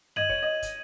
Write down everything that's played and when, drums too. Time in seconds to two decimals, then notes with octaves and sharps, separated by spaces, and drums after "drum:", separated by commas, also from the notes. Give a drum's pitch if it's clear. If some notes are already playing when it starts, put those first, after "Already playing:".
0.16 D#5 G#6 D#7 F#7, drum: tom F#2
0.30 C#5, drum: kick
0.42 D#5
0.62 drum: kick, hi-hat